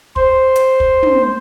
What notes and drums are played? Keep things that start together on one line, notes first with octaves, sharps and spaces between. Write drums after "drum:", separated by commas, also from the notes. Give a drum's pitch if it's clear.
C5, drum: kick
drum: hi-hat
drum: kick
drum: tom